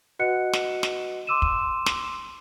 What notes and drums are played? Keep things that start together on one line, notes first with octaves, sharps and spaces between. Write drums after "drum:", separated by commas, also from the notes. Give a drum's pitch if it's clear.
F#4 B4 D#5 F#5 F#6 C#7
drum: snare
drum: snare
C6 D6 E6 D#7 E7
drum: kick
drum: snare